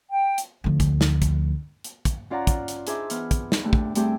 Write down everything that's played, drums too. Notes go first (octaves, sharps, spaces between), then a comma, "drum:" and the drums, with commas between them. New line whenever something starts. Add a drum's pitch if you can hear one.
G5
drum: hi-hat
D2 F3
drum: kick, hi-hat
drum: snare
drum: kick, hi-hat
drum: hi-hat
drum: kick, hi-hat
C#4 F4 D5 F5 F#5 A#5
drum: kick, hi-hat
drum: hi-hat
D4 D#4 G#4 C5 E5 D6, drum: hi-hat
E3 B3 F6, drum: hi-hat
drum: kick, hi-hat
drum: snare
D2 A3 D4 G4
drum: kick
G3 A3 C4 G4 G#4, drum: hi-hat